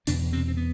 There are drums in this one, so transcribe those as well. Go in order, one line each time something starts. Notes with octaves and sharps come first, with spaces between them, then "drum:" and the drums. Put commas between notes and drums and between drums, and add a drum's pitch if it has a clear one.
E2 B2 D3 D4, drum: hi-hat
C3 C4
C4
B3